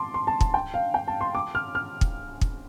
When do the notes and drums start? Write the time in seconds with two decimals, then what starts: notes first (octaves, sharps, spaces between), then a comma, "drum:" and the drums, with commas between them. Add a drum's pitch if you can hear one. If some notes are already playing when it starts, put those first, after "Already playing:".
Already playing: A5 C6 D6
0.14 C6
0.27 A5
0.41 A5, drum: kick
0.54 G5
0.74 F5
0.94 G5
1.08 A5
1.21 C6
1.35 D6
1.55 F6
1.75 F6
2.01 drum: kick
2.41 drum: kick